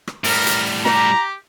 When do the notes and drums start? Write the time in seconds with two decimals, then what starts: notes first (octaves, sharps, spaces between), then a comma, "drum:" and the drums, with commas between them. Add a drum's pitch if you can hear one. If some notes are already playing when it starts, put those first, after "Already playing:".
0.07 drum: rim click
0.24 A2 G3 A#4, drum: open hi-hat
0.47 drum: hi-hat
0.85 G4 A#5, drum: snare